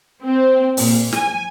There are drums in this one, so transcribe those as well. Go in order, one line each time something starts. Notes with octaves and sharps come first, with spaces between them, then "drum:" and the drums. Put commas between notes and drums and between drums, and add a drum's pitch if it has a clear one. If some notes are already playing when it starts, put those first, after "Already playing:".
C4
A#2, drum: open hi-hat
G#5, drum: snare